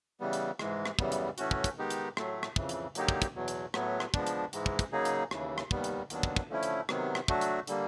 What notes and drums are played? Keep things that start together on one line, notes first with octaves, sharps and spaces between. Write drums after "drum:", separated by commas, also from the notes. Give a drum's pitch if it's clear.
C#3 E3 G3 B3
drum: hi-hat
G#2 E3 G#3, drum: rim click
drum: rim click
F#2 C#3 E3 G3 B3, drum: kick
drum: hi-hat
A2 E3 A3 C#4 F#4, drum: hi-hat
drum: kick
drum: kick, hi-hat
D#3 G#3 B3 D#4 G4
drum: hi-hat
A2 F#3 A3, drum: rim click
drum: rim click
F2 C#3 E3, drum: kick
drum: hi-hat
D3 F#3 A#3 D#4 G4, drum: hi-hat
drum: kick
drum: kick, hi-hat
E2 B2 F#3
drum: hi-hat
A2 F#3 B3, drum: rim click
drum: rim click
F3 G#3 B3 D4, drum: kick
drum: hi-hat
G#2 E3 G#3, drum: hi-hat
drum: kick
drum: kick, hi-hat
C#3 F#3 A#3 D#4 G#4
drum: hi-hat
D#2 C#3 E3, drum: rim click
drum: rim click
D#2 D#3 G3 B3, drum: kick
drum: hi-hat
D#2 D#3 F#3 B3 D4, drum: hi-hat
drum: kick
drum: kick
D3 F3 A3 C#4 E4
drum: hi-hat
C3 D#3 F#3 B3, drum: rim click
drum: rim click
F#3 A3 D4 F#4, drum: kick
drum: hi-hat
D3 G3 A#3, drum: hi-hat